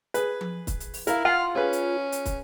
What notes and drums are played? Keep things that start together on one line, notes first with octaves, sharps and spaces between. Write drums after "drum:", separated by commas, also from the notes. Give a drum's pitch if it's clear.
G#4 B4, drum: hi-hat
drum: tom F3
drum: kick, hi-hat
drum: hi-hat
drum: open hi-hat
E4 A#4 F5, drum: hi-hat
F4 F5 F#5
C#4 G#4 B4
drum: hi-hat
drum: hi-hat
drum: kick, hi-hat